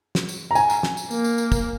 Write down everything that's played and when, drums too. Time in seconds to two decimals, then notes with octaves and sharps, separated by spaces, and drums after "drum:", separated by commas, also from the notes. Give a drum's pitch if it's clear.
0.15 drum: snare
0.29 drum: tambourine
0.51 A#5
0.55 G#5, drum: tambourine
0.70 drum: tambourine
0.83 drum: snare
0.97 drum: tambourine
1.11 A#3, drum: tambourine
1.24 drum: tambourine
1.38 drum: tambourine
1.52 drum: kick, tambourine